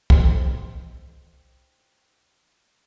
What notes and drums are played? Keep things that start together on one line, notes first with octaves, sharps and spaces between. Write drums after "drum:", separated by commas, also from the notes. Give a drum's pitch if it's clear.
D#4 G4 A4 C5 C6, drum: kick